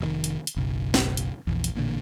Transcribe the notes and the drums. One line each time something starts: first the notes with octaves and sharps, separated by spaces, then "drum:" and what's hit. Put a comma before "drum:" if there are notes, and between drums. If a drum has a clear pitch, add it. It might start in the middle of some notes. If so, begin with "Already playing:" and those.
F1 A#2 D#3
drum: hi-hat
drum: hi-hat
F#1 B1
drum: snare
drum: hi-hat
A#1 E2
drum: hi-hat
A1 A#2 D3